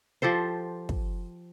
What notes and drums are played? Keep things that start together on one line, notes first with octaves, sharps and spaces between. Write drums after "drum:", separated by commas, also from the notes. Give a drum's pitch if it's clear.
F3 G4 A4 C5
drum: kick